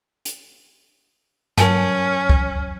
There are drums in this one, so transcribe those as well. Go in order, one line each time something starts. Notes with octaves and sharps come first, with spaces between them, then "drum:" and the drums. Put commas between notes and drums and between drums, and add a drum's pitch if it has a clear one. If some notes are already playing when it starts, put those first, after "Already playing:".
drum: hi-hat
G2 F#3 C#4 A#4 G#5 A5, drum: snare
drum: kick C2